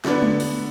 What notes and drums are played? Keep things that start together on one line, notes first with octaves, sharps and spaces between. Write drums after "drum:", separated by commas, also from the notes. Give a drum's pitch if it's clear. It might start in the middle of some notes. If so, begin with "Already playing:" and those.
D3 B3 D4 B4, drum: snare
drum: tom G#3
drum: open hi-hat